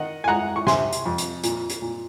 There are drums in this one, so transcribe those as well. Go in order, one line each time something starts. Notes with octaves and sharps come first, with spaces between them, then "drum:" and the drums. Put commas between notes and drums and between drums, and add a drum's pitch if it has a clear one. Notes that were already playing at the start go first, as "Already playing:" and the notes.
Already playing: D#3 D#5 F#5
G#5
G#3 F#5 A#5
C#6
C3 G#5 C6, drum: snare
drum: hi-hat
F2
drum: hi-hat
A#2, drum: hi-hat
drum: hi-hat
A#2